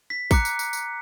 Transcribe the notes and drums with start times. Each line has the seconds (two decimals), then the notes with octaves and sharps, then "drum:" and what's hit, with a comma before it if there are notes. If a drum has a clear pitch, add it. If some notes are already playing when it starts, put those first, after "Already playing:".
0.10 B6
0.31 A#5 D6 F#6 C#7, drum: kick, tambourine
0.45 drum: tambourine
0.59 drum: tambourine
0.73 drum: tambourine